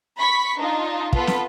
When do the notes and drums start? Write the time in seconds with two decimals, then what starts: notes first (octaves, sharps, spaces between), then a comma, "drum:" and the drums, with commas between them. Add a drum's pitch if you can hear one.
0.18 B5 C#6 B6
0.59 D4 D#4 F4
1.13 B3 F4 A4 B4, drum: kick
1.27 drum: snare